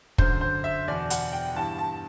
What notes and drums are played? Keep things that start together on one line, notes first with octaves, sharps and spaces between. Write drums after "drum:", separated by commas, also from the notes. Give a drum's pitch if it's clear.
F#2 D3 C5, drum: kick
C5
E5
E2 B2 D5
F#5, drum: hi-hat
G5
G2 E3 A5
A5